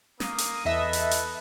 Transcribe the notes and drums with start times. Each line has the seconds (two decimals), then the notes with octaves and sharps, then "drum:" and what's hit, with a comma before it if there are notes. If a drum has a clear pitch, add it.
0.20 A#3 D#6, drum: snare
0.38 drum: hi-hat
0.65 E2 A4 B4 D#5 E5
0.93 drum: hi-hat
1.11 drum: hi-hat